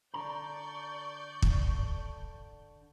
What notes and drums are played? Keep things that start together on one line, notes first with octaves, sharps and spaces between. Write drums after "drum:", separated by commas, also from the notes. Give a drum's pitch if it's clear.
D3 D5 A#5 C#6 G6
drum: kick